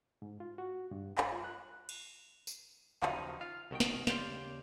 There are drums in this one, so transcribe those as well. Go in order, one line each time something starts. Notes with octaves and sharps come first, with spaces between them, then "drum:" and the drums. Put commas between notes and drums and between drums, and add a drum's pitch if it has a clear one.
G#2
F4
F#4
G2
B5, drum: clap
F4
F#6
drum: cymbal
drum: tambourine
D#2 C#3 F3 F#3 D#4, drum: clap
F4 F5
C2 B2 D#3 G5
drum: snare
D#2 C#3 G4 D5 F5 C6, drum: snare